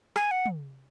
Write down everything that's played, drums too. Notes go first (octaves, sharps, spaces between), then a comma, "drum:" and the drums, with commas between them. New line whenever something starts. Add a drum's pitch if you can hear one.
G#5, drum: rim click
F#5
drum: tom